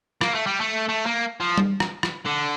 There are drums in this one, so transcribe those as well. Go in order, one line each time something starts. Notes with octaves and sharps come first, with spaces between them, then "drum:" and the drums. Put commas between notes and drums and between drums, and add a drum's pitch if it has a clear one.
A#3, drum: rim click
A3
G3
A3
A3
A#3
F3
drum: tom G3
drum: rim click
drum: rim click
D3